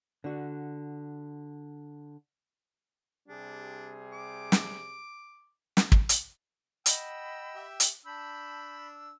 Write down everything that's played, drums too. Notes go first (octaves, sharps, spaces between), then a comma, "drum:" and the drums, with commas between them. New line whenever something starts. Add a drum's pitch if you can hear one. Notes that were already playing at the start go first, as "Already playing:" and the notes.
D3 F#4
C3 G3 D4 G#4
D6
drum: snare
drum: snare
drum: kick
drum: hi-hat
D#5 F#5 G5 B5 E6, drum: hi-hat
G4 E5
drum: hi-hat
D4 A5 B5 E6 G6